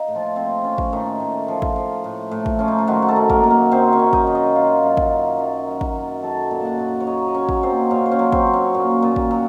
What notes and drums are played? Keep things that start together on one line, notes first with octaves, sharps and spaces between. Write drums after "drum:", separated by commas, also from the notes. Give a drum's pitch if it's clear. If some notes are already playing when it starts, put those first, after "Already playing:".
Already playing: D#4 D#5 F5
A2
F3 F4
F3 C4
F3 C#4
drum: kick
A2 D#3 D#4
A2
F3
drum: kick
F3
A2
A2
drum: kick
F3 C#4
D#4
F4
D#3 F#3 F#4
F#4
A3 A4
F#2
A#3 A#4, drum: kick
F#3
A#3 A#4
F#2 C4 C5
C#4 C#5
D#3
D#4 D#5, drum: kick
F#2
D#4 D#5
F#3 F4 F5
F#2
drum: kick
D#3
F#2
F#3
drum: kick
F#2
F#3 A4 A5
A#2
F#4 F#5 A5
A#2
C#5
F#3 D#4 D#5
D#5
F#3 C#4 C#5
drum: kick
A#2 C4 C5
A#2 C#4 C#5
C5
C#4 C#5
F#3
C4 C5, drum: kick
F#3
C#4 C#5
A#2
A#2
drum: kick
F#3